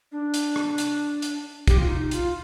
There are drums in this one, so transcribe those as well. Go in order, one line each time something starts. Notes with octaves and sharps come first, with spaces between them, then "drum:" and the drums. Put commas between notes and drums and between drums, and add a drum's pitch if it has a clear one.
D4
drum: hi-hat
drum: rim click
drum: hi-hat
drum: hi-hat
G4, drum: kick, hi-hat
F4
D#4
F4, drum: hi-hat